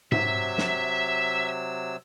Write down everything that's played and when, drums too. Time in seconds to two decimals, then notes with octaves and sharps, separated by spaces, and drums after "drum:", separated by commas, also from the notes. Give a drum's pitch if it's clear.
0.12 C3 F#3 E5 E6, drum: tom G#2
0.58 drum: snare